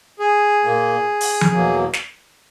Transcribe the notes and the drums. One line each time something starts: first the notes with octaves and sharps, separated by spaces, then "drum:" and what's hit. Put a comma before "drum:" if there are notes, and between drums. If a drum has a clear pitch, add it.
G#4
A#2 A#3
drum: open hi-hat
drum: tom F3
E2 B2 F#3 A#3
drum: snare